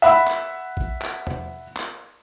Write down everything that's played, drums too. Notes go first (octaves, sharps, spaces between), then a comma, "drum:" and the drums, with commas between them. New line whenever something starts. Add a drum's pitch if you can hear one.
E5 F#5 B5 E6
drum: clap
drum: kick
drum: clap
drum: tom E2
drum: clap